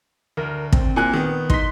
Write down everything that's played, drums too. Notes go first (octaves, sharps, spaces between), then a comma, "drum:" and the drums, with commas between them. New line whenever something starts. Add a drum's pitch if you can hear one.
D2 A#4
C4, drum: kick
A#2 G#5 F#6
D#3 B3
D#4 C6 B6, drum: kick